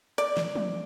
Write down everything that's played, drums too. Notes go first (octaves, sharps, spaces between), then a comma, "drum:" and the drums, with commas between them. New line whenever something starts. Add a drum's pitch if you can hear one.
D5, drum: hi-hat
drum: snare
drum: tom